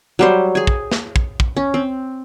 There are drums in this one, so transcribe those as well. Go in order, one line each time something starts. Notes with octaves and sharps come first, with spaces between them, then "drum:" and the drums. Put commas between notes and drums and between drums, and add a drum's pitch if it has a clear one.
F#3 G3 C5
G#4 G#5
drum: kick
drum: snare
drum: kick
drum: kick
C#4
C4